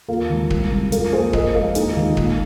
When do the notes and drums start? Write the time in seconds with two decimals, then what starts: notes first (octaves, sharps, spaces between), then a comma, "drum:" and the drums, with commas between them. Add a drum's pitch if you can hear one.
0.08 D#2 F4 A#4
0.30 D#3 G#3
0.50 C2, drum: kick
0.71 C3 G#3
0.92 F2 F4 A#4, drum: hi-hat
1.13 F3 A#3 G#4 C5
1.33 F2 A#4 D#5, drum: kick
1.55 F3 G#3 F4 A#4
1.75 D#2 D#4 G#4, drum: hi-hat
1.91 D#4
1.96 D#3 G#3 F4
2.17 A#2 F4, drum: kick